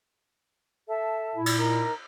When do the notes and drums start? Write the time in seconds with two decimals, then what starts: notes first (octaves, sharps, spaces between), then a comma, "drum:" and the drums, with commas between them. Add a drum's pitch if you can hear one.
0.87 A4 E5 A5
1.36 A#2 E4
1.46 drum: cymbal
1.57 D#4 A#4 A#5